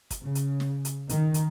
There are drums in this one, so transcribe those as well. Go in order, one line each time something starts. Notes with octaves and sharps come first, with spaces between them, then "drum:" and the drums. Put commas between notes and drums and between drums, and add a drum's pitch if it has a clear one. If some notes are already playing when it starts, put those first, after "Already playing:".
drum: kick, hi-hat
C#3
drum: hi-hat
drum: snare
drum: hi-hat
D#3, drum: hi-hat
drum: hi-hat